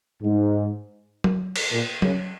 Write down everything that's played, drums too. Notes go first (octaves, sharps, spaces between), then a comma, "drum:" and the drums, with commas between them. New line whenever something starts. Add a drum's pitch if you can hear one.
G#2
drum: tom F#3
drum: cymbal
A#2
C#3, drum: tom F#3